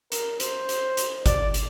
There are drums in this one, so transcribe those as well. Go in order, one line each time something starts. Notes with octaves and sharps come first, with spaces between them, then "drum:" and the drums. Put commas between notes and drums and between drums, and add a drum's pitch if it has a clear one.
A#4, drum: hi-hat
C5, drum: hi-hat
drum: hi-hat
drum: hi-hat
D5, drum: kick G1, hi-hat
drum: hi-hat